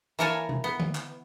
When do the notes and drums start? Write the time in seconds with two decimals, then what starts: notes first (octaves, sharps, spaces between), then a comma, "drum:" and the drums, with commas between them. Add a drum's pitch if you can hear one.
0.19 E3 A#3 A#4 C#5 G#5 A5
0.49 drum: tom B2
0.64 B3
0.80 drum: tom D3
0.95 drum: clap